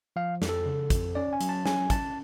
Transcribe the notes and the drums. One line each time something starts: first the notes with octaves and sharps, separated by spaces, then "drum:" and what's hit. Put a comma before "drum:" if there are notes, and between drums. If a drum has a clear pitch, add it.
F3 F5
F2, drum: snare
A4
C#3
F2, drum: kick, hi-hat
C#4 D5
G#5
F#3, drum: hi-hat
A5
C#4 G#5, drum: snare
C#4 A5, drum: kick, hi-hat